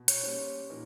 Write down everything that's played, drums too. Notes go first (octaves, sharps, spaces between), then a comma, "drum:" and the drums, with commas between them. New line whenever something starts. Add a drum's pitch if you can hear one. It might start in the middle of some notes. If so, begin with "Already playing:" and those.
Already playing: B2
C#5, drum: hi-hat
G3 A#3 C#4 C5
A#2 F3 A#3 D#4